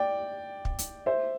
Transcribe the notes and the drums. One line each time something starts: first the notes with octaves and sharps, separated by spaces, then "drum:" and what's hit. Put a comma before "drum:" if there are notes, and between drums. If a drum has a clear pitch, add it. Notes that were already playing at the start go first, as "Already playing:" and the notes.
Already playing: D5 G5
drum: kick
drum: hi-hat
C5 E5